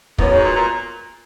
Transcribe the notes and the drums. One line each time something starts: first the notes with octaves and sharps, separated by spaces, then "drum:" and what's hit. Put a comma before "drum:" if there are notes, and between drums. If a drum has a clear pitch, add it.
F#2 G#3 B3 F#4 C#5, drum: kick
G#2
A#2
A#2